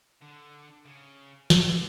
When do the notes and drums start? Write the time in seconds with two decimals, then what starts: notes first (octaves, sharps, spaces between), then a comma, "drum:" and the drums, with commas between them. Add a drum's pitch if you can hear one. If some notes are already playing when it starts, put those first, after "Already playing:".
0.21 D3
0.85 C#3
1.50 D3, drum: snare